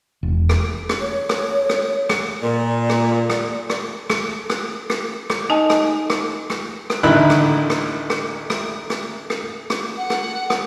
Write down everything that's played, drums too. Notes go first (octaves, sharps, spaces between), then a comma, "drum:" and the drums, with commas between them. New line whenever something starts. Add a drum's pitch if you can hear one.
E1
drum: rim click
drum: rim click
C#5
drum: rim click
drum: rim click
drum: rim click
A#2 D5
drum: rim click
drum: rim click
drum: rim click
drum: rim click
drum: rim click
drum: rim click
drum: rim click
D#4 D#5 G#5 A5
drum: rim click
drum: rim click
drum: rim click
drum: rim click
A1 D2 D#3 E4 B5 F#6
drum: rim click
drum: rim click
drum: rim click
drum: rim click
drum: rim click
drum: rim click
drum: rim click
F#5
drum: rim click
drum: rim click